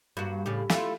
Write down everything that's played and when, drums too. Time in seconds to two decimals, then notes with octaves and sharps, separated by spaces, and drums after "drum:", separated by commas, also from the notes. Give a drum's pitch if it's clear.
0.17 G2 A#3 F#4
0.46 A2 C#3 G4
0.70 A3 E4 F4, drum: snare